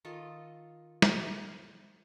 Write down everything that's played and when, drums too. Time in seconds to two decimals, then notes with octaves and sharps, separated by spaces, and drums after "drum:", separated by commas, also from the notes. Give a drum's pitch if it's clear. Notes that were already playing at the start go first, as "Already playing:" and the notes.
0.05 D#3 F4 A4 D#5
1.02 drum: snare